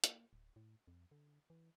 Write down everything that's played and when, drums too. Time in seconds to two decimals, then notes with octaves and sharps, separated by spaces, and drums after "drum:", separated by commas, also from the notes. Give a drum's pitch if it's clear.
0.04 A#3, drum: hi-hat
0.33 D1
0.56 A2
0.88 F2
1.11 D3
1.50 E3